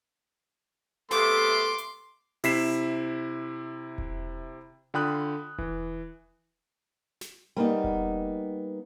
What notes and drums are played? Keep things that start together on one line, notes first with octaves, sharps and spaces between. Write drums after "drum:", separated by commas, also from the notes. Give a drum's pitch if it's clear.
C3 A3 B3 C6 D6, drum: snare
drum: hi-hat
C3 E4 B6 C7 E7, drum: open hi-hat
drum: kick E1
D3 F4 G5 B5 D#6 F#6
E3, drum: kick E1
drum: snare
G3 A#3 B3 D#4
drum: kick E1